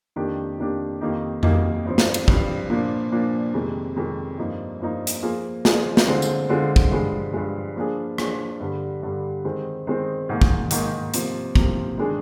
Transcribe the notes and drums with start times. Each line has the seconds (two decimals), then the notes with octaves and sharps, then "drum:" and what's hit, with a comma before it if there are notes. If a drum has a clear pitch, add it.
0.16 F2 D#3 A#3 D4 G4
0.58 F2 D#3 A#3 D4 G4
1.01 F2 D#3 A#3 D#4 G4
1.43 F2 D#3 A#3 D#4 G4, drum: tom F2
1.85 G2 F3 C4
1.98 drum: snare
2.14 drum: cymbal
2.28 G2 F3 C4, drum: kick
2.70 A#2 F3 A#3 D4
3.12 A#2 F3 A#3 D4
3.54 F2 C3 D#3 G#3
3.96 F2 C3 D#3 G#3
4.38 G2 F3 A#3 D#4
4.80 G2 F3 A#3 D#4
5.07 drum: hi-hat
5.22 F3 A#3 F4 G#4
5.65 F3 A#3 F4 G#4, drum: snare
5.97 drum: snare
6.07 D3 G#3 C4 F4
6.22 drum: tambourine
6.49 D3 G#3 C4 F4
6.76 drum: kick
6.92 G2 F3 G#3
7.33 G2 F3 G#3
7.76 F3 A#3 D4 G#4
8.18 F3 A#3 D4 G#4, drum: rim click
8.60 G2 D3 G3
9.03 G2 D3 G3
9.45 D#3 G#3 C4
9.87 D#3 G#3 C4
10.29 G#2 D#3 A#3
10.42 drum: kick
10.71 G#2 D#3 A#3, drum: hi-hat
11.14 C3 F3 A#3, drum: hi-hat
11.55 C3 F3 A#3, drum: kick
11.98 D#3 G#3 D4 G#4